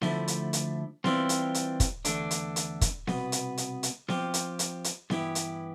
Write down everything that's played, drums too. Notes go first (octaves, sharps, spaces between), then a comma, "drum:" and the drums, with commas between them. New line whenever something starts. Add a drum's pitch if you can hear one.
D2 D3 F3 A3 E4, drum: snare B3
drum: hi-hat
drum: hi-hat
E3 G3 C4 F4, drum: snare B3
drum: hi-hat
drum: hi-hat
drum: kick, hi-hat
E2 D3 A3 D4, drum: hi-hat
drum: hi-hat
drum: hi-hat
drum: kick, hi-hat
C2 B2 B3, drum: snare B3
drum: hi-hat
drum: hi-hat
drum: hi-hat
F3 C4 G4, drum: snare B3
drum: hi-hat
drum: hi-hat
drum: hi-hat
G2 E3 B3 E4 G4, drum: snare B3
drum: hi-hat